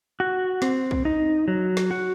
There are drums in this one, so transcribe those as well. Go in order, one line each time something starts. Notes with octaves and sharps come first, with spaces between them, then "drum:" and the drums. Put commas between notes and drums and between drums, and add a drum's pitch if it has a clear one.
F#4
C4, drum: snare
drum: kick B1
D#4
F#3
drum: snare
F#4